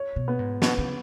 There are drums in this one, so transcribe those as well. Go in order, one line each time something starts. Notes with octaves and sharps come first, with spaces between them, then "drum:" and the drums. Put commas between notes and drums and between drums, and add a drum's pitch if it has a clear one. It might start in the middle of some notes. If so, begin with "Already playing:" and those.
Already playing: C#5
B2
B3
G#2
B2 B3, drum: snare
C#3